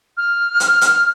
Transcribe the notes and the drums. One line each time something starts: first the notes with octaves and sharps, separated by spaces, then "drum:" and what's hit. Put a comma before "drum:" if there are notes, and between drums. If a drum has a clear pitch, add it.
F6
drum: hi-hat
drum: hi-hat